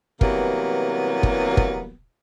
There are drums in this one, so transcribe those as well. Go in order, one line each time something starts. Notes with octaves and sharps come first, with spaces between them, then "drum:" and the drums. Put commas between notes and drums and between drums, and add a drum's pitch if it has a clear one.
C3 E3 F#3 G3 A#3 B3, drum: kick
drum: kick
drum: kick